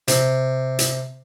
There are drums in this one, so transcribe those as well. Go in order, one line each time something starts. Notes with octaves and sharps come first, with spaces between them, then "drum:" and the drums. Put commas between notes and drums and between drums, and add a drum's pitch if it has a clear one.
C3, drum: hi-hat
drum: hi-hat